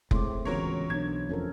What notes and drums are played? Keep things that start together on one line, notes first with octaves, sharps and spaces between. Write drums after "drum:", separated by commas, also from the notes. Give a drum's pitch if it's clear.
A2 G#3 A3 C4 C6 D6, drum: kick F1
D1 C#2 E3 F#3 B3 A#4 C#5
B1 D4 C#5 G#6
F1 F2 C#4 A4 A#4